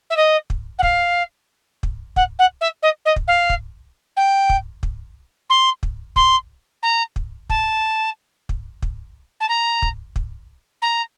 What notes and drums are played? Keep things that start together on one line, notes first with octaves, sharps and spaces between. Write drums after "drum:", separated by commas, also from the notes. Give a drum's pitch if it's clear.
E5
D#5
drum: kick
F#5
F5, drum: kick
drum: kick
F#5, drum: kick
F#5
E5
D#5
D#5
drum: kick
F5
drum: kick
G5
drum: kick
drum: kick
C6
drum: kick
C6, drum: kick
A#5
drum: kick
A5, drum: kick
drum: kick
drum: kick
A5
A#5
drum: kick
drum: kick
A#5